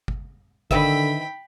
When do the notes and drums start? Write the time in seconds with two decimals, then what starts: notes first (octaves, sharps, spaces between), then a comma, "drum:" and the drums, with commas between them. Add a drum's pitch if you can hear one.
0.08 drum: kick G1
0.71 D3 D#3 B4 E5 G5 B5, drum: kick G1